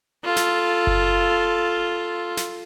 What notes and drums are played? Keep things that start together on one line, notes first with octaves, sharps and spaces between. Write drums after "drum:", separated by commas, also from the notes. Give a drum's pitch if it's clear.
F4 A4
drum: snare
drum: kick F#1
drum: snare